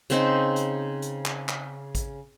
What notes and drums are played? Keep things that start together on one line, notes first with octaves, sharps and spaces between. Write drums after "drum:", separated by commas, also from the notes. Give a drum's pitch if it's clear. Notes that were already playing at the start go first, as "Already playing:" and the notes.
C#3 C4 D#4, drum: hi-hat
drum: hi-hat
drum: hi-hat
drum: clap
drum: clap
drum: kick A1, hi-hat